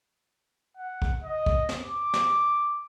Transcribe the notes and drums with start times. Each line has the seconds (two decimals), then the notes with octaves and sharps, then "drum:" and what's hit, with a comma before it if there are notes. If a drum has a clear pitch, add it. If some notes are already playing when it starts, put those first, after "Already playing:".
0.77 F#5
1.02 drum: kick
1.24 D#5
1.46 drum: kick
1.69 drum: snare
1.84 D6
2.14 drum: snare